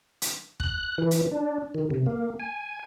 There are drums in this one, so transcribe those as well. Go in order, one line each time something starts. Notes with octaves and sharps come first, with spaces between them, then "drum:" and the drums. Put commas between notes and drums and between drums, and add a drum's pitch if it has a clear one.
drum: hi-hat
F#6, drum: kick
E3
drum: hi-hat
D4
D#3
C3
A#3
G#5